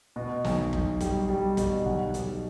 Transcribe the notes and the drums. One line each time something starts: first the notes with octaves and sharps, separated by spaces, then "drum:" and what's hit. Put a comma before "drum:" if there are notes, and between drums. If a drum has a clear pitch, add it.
B2
B1, drum: snare
B1, drum: kick
G3, drum: kick, hi-hat
G3
B2, drum: kick, hi-hat
B1 F#5
B1, drum: hi-hat